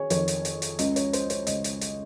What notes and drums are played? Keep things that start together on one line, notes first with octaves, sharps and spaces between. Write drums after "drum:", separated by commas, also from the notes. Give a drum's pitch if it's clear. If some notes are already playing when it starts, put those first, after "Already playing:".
Already playing: D#3 G#4 C#5
F2 D#3 C#5, drum: hi-hat
drum: hi-hat
drum: hi-hat
drum: hi-hat
C#2 C#3 D#5, drum: hi-hat
C#5, drum: hi-hat
C5, drum: hi-hat
C#5, drum: hi-hat
C#2 C#3 D#5, drum: hi-hat
drum: hi-hat
drum: hi-hat